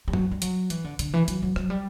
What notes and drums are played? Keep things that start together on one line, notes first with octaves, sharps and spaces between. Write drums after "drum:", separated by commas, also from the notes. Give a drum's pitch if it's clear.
G3
F#3, drum: tom F#2
G3
F#3, drum: hi-hat
E3, drum: hi-hat
D3
D3, drum: hi-hat
E3
F#3, drum: hi-hat
F#3
F#3, drum: rim click
G3